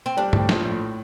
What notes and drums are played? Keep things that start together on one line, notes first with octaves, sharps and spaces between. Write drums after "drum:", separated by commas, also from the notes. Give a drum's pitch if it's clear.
C4
G3 D4
A2, drum: tom G2
A#1, drum: snare
A2